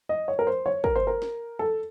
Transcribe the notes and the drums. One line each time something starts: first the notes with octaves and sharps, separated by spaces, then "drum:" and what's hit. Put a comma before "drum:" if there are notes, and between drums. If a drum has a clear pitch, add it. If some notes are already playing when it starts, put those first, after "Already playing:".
D#5
C#5
A#4
C5
C#5
A#4, drum: kick
C5
A#4
drum: snare
A4